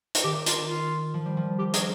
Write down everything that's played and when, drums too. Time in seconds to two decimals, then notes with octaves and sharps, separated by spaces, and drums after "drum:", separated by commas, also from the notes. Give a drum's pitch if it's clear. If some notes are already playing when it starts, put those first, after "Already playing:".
0.14 drum: hi-hat
0.24 D#3 G4
0.46 F4, drum: hi-hat
0.68 F4
1.14 F3
1.26 G3
1.37 F3
1.59 G4
1.73 G#4, drum: hi-hat